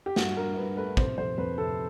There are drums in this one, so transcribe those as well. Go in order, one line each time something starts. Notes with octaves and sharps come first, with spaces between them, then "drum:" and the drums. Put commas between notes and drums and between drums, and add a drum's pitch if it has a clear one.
G4
G2 F#4, drum: snare
G2 A#4
G2 B4
A3 B4
C3 C5, drum: kick
F2 C5
F2 B4
C3 A4